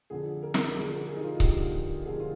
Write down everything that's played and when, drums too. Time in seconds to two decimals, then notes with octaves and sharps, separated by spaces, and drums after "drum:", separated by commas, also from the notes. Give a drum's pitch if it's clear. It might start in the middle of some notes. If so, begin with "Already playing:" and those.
0.10 F2 D3 G#4
0.43 A#4
0.54 drum: snare
0.75 F2 D3 G#4
0.92 A#4
1.07 G#4
1.16 D#4
1.24 F4
1.40 F2 D3 G4, drum: kick C#1
2.05 F2 D3 G#4
2.20 F4